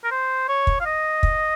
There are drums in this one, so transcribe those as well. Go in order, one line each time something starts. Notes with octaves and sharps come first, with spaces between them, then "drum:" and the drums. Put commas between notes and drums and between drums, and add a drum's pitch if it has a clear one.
A#4
C5
C#5
drum: kick
F5
D#5
drum: kick